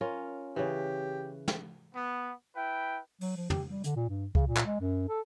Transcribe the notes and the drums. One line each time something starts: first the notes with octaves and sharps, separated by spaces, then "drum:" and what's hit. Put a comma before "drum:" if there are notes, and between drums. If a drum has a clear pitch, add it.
C#4 F4 A#4
C#3 E3 G4
drum: snare
B3
E4 B4 G5
F#3, drum: open hi-hat
F3
G4, drum: tom
G3
D3, drum: hi-hat
A#2
G2
C#3, drum: kick C#2
A#2
drum: clap
G#3
F#2
A4